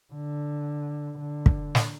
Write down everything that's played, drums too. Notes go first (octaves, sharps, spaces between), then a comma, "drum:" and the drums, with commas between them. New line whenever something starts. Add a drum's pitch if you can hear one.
D3
D3
drum: kick
drum: snare